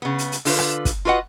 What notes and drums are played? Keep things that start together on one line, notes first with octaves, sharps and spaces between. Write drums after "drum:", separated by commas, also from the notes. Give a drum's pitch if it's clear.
C#3 B3
drum: hi-hat
drum: hi-hat
D3 F4 B4, drum: open hi-hat
drum: rim click
drum: kick, hi-hat
F4 F#4 B4 D#5 F#5